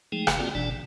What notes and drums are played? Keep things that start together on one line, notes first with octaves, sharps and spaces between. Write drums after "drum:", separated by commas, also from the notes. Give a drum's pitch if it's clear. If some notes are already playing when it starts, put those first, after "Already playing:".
F3 G#3 A3 D#4 G#4 G5
G1 C#3, drum: rim click
A#3 C4 F4 F#4 G#4 D5
G1 B2 E3 D4 D5 A5
C3